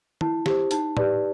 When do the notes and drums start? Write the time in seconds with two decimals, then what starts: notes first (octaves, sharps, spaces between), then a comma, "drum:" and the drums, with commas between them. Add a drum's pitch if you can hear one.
0.21 E4 A5, drum: tom
0.46 G4 C5, drum: snare
0.71 D#4 A5, drum: hi-hat
0.97 G4 B4 D5, drum: tom